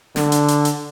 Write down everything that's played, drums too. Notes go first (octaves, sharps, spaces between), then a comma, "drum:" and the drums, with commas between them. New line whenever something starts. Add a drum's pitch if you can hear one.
D3, drum: snare
drum: hi-hat
drum: hi-hat
drum: hi-hat